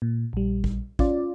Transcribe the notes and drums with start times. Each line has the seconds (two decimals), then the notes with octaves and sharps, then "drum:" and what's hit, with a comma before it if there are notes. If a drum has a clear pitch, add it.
0.02 A#2
0.33 A#1 G3
0.64 drum: kick
0.99 C#4 F4 D5, drum: kick